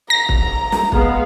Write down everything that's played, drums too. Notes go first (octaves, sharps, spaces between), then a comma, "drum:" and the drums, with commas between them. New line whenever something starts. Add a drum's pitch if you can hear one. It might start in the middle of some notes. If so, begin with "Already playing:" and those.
A#5 A#6
drum: kick
drum: snare
G#3 B3 F5, drum: kick